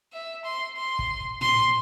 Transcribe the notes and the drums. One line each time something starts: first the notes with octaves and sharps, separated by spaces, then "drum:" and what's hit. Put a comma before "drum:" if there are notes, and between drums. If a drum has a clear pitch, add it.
E5
C6
C6
drum: kick
C6, drum: tom